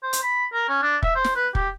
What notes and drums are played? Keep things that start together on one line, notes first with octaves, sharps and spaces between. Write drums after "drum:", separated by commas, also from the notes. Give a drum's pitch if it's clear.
C5
drum: hi-hat
B5
A#4
C#4
D4
E5, drum: kick
C5
drum: snare
B4
G4, drum: kick